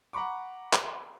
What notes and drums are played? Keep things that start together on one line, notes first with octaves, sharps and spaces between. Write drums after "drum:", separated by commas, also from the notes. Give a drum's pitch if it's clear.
F#5 A#5 B5 C#6 D6
drum: clap